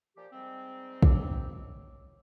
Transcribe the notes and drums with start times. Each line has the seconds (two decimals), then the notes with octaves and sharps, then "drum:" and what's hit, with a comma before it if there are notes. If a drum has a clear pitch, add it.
0.16 A#2 F3 G4
0.33 G#2 G3 C4
1.02 C#5 D6 E6, drum: kick